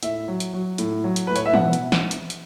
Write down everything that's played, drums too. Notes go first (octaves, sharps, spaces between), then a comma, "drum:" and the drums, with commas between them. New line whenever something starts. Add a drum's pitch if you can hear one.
A2 E5, drum: hi-hat
F#3
drum: hi-hat
F#3
A2, drum: hi-hat
F#3
drum: hi-hat
A2 B4
C#5, drum: hi-hat
E5
B2 F#5, drum: tom E3
drum: hi-hat
drum: snare
drum: hi-hat
drum: hi-hat